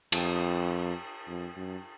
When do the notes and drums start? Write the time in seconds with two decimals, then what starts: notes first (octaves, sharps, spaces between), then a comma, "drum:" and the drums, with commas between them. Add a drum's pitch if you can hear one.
0.12 F2, drum: cymbal
1.28 F2
1.56 F#2